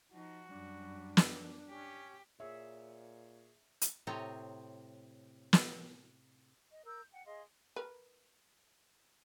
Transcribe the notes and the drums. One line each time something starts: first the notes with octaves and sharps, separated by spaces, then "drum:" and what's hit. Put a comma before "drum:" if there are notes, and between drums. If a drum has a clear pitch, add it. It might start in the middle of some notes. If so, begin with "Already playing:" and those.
F3 D#4 F#4
F#2 G3 D4
drum: snare
C#4 G4
A#2 G#4 C#5 E5
drum: hi-hat
A2 C3 C4 C#5 D#5 A#5
drum: snare
D#5
A#4 E6 G6
F#5 G5
G#4 D#5 F5 C6
A#4 B4